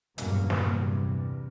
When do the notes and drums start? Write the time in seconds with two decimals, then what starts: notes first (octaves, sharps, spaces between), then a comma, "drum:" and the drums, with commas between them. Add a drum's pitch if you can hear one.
0.18 E2 G2 A#2 C#3 F#3 A#3, drum: hi-hat
0.50 E2 G2 C3, drum: snare